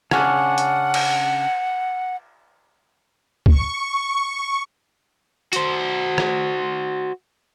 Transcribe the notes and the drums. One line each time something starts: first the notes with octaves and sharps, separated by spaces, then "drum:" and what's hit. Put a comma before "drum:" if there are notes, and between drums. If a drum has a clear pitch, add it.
C#3 C#4 D4 F#5, drum: rim click
drum: hi-hat
drum: cymbal
C#6, drum: kick
F#4 C5, drum: hi-hat
drum: rim click